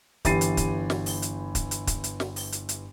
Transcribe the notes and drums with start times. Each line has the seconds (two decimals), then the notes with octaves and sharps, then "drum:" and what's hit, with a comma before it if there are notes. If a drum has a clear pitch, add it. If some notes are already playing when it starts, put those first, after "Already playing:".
0.25 G1 E3 G4 A6 C7 D#7, drum: kick, hi-hat
0.41 drum: hi-hat
0.57 drum: kick, hi-hat
0.90 drum: snare
1.06 drum: open hi-hat
1.22 drum: hi-hat
1.55 drum: kick, hi-hat
1.71 drum: hi-hat
1.87 drum: kick, hi-hat
2.04 drum: hi-hat
2.20 drum: snare
2.36 drum: open hi-hat
2.52 drum: hi-hat
2.69 drum: hi-hat